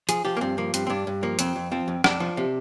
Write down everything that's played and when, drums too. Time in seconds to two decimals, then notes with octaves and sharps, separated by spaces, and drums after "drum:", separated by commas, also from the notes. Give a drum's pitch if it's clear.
0.09 F3 G#4, drum: hi-hat
0.25 F3 G4
0.37 A#3
0.41 G2 C4
0.58 F3 A#3
0.74 G2 C4, drum: hi-hat
0.87 C4
0.90 G2 D4
1.07 G2
1.23 F3 A#3
1.39 F2 C4, drum: hi-hat
1.56 F2
1.72 F3 C4
1.88 F2
2.04 F2 D4, drum: rim click
2.20 F3
2.37 C3